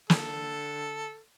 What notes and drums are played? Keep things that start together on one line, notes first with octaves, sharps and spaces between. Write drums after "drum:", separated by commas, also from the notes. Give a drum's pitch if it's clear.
D3 A4, drum: snare